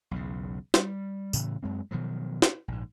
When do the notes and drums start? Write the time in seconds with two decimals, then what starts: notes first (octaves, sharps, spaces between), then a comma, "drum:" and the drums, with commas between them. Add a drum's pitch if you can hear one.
0.11 B1 E2 C#3
0.74 G3, drum: snare
1.33 A2 C#3 E3, drum: tambourine
1.63 F#2 G#3 C4
1.91 B2 D#3 F3 F#3
2.42 drum: snare
2.68 A#1 G#2